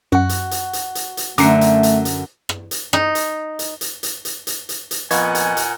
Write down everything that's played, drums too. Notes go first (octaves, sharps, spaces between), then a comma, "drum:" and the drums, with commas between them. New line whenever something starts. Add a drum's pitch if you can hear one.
F#2 F#4 F#5
drum: hi-hat
drum: hi-hat
drum: hi-hat
drum: hi-hat
drum: hi-hat
F#2 D3 A3 A#5 D6 C7 C#7, drum: hi-hat
drum: hi-hat
drum: hi-hat
drum: hi-hat
drum: rim click
drum: hi-hat
D#4, drum: rim click
drum: hi-hat
drum: hi-hat
drum: hi-hat
drum: hi-hat
drum: hi-hat
drum: hi-hat
drum: hi-hat
drum: hi-hat
F2 A#2 B3 D#5 F#5 G#5 C#6 G#6, drum: hi-hat
drum: hi-hat
drum: hi-hat